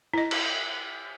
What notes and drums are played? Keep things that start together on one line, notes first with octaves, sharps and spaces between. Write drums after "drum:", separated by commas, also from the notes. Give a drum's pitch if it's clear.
E4 D#5
drum: cymbal